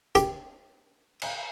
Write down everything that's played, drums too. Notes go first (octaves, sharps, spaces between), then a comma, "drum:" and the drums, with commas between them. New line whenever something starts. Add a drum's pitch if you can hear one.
G4, drum: hi-hat
drum: cymbal